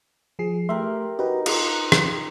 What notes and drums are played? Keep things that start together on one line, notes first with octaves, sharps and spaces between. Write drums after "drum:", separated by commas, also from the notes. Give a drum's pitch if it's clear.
F3 G#4 C7
A3 G4 A#4 E5 C6
D#4 F#4 G4 B4
F4 A#5 C6, drum: cymbal
drum: rim click